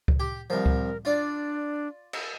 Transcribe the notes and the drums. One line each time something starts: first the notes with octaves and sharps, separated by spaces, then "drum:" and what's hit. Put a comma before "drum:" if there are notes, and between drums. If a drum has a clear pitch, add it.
drum: kick C#2
G4
C2 F3 A#4
drum: kick C#2
D4 F4 D5
drum: cymbal